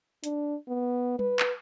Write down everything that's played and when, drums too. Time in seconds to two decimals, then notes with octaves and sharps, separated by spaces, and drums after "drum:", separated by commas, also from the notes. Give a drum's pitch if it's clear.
0.24 D4, drum: hi-hat
0.68 B3
1.19 B4, drum: tom G3
1.40 drum: clap